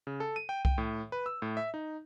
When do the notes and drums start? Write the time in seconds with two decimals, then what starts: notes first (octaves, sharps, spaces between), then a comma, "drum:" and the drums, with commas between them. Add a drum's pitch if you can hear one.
0.07 C#3
0.20 A4
0.36 D#7
0.49 G5
0.65 G5, drum: kick C2
0.78 A2
1.12 B4
1.26 E6
1.42 A2
1.57 E5
1.74 D#4